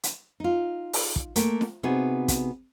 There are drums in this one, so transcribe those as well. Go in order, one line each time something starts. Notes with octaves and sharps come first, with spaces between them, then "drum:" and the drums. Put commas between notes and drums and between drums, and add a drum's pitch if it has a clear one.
drum: hi-hat
D#4 F4
drum: open hi-hat
drum: kick
A3 A#3 A#4 G5, drum: hi-hat
drum: snare
C3 B3 D#4 F#4 G#4
drum: kick, hi-hat